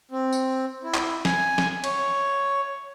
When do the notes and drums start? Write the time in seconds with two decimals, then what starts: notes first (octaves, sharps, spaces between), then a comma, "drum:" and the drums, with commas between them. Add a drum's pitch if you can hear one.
0.11 C4
0.32 drum: tambourine
0.84 E4
0.94 drum: clap
1.25 G#5, drum: snare
1.58 drum: snare
1.84 C#5, drum: cymbal